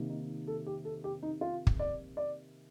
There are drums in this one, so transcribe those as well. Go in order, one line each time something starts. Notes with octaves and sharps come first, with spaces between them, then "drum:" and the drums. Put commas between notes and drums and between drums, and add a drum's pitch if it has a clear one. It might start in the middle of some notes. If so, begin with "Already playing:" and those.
Already playing: C3 D#3 A#3
D#4
A4
G4
A4
G4
D#4
F4
drum: kick
D5
D5